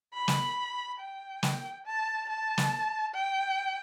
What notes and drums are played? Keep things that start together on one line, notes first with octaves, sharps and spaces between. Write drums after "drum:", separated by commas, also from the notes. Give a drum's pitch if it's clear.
B5
drum: snare
G5
drum: snare
A5
A5
drum: snare
G5